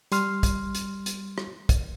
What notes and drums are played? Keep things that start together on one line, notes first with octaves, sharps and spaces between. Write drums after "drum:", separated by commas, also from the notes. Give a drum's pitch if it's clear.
G3 C6 F6, drum: hi-hat
drum: kick, hi-hat
drum: hi-hat
drum: hi-hat
drum: rim click
drum: kick, hi-hat